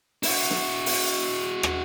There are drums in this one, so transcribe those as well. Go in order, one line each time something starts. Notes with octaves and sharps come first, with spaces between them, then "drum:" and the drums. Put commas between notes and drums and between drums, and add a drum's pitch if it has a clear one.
E4 F#4, drum: open hi-hat
drum: snare
drum: open hi-hat
drum: rim click